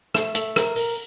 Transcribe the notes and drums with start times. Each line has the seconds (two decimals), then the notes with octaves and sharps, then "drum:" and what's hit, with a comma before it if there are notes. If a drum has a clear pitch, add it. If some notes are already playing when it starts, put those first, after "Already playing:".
0.15 A3, drum: rim click
0.35 A3, drum: hi-hat
0.56 A#4, drum: rim click
0.76 A#4, drum: open hi-hat